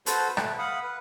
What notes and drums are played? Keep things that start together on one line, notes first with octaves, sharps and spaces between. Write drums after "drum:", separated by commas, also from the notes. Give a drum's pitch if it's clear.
F#4 A4 B4 C5, drum: hi-hat
A3 B4, drum: rim click
F5 F#5 B5 D#6
B4